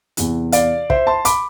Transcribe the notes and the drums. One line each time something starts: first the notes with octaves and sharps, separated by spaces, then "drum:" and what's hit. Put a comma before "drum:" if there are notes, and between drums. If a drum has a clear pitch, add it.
E2 C3 E3, drum: hi-hat
D5 F5, drum: hi-hat
C5 E5, drum: kick
A5 C6
B5 D6, drum: hi-hat